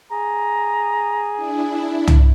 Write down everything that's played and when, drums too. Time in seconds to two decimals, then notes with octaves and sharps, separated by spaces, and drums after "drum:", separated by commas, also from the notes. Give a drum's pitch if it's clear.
0.11 G#4 A#5
1.35 D4 E4
2.08 drum: tom